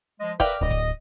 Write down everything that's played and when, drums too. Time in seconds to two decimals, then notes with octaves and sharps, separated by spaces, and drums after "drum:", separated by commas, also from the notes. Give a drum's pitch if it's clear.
0.20 F3 G#3 D#5
0.40 A#4 B4 D5 E5 F5 G5, drum: kick
0.61 D1 D#5
0.71 drum: kick